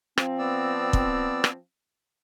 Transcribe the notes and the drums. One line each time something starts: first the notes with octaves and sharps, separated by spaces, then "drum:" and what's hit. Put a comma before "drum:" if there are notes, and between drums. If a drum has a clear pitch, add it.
F3 C4, drum: rim click
B3 D5 E6
drum: kick
drum: rim click